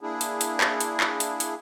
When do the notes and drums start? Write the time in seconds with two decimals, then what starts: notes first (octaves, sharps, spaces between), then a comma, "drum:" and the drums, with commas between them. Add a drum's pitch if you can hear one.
0.01 A#3 D4 E4 G#4
0.21 drum: hi-hat
0.41 drum: hi-hat
0.61 drum: clap
0.81 drum: hi-hat
1.00 drum: clap
1.20 drum: hi-hat
1.40 drum: hi-hat